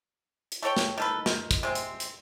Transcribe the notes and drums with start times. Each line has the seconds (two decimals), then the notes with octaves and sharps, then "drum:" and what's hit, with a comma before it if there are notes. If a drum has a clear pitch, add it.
0.52 drum: hi-hat
0.63 A3 A4 C#5 G5
0.77 drum: snare
0.98 D#3 A4 B4
1.26 D#3, drum: snare
1.51 drum: kick, hi-hat
1.63 C3 G#3 C4
1.75 drum: hi-hat
2.00 drum: hi-hat